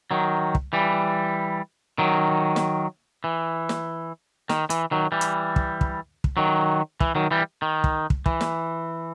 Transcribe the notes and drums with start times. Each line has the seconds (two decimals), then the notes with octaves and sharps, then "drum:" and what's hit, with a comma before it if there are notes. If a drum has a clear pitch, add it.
0.11 D#3 F#3
0.55 drum: kick
0.73 E3 G3
1.98 D#3 F#3
2.56 drum: snare
3.24 E3
3.69 drum: snare
4.49 D#3, drum: snare
4.70 E3, drum: hi-hat
4.91 D#3 F#3
5.12 E3 G3
5.21 drum: hi-hat
5.56 drum: kick
5.81 drum: kick
6.24 drum: kick
6.37 D#3 F#3
7.00 E3, drum: kick
7.15 D#3 F#3
7.31 E3 G3
7.62 D#3
7.84 drum: kick
8.10 drum: kick
8.26 E3, drum: kick
8.41 drum: snare